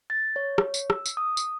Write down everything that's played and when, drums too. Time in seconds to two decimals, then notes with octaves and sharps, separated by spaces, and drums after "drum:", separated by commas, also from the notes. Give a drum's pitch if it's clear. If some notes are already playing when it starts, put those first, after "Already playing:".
0.10 A6
0.36 C#5
0.58 drum: rim click
0.74 drum: tambourine
0.90 E6, drum: rim click
1.06 drum: tambourine
1.17 D#6
1.37 drum: tambourine